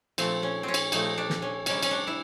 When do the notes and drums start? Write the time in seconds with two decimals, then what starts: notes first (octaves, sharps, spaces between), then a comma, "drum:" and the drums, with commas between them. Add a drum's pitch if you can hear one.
0.18 A#2 F3 A3 C4, drum: cymbal
0.43 C#4
0.63 C4 C#4
0.74 drum: cymbal
0.92 A#2 F3 A3 D#4, drum: cymbal
1.18 D4
1.30 drum: snare
1.42 C#4
1.66 C3 D#3 G3 C#4, drum: cymbal
1.83 C#4, drum: cymbal
1.91 D4
2.07 E4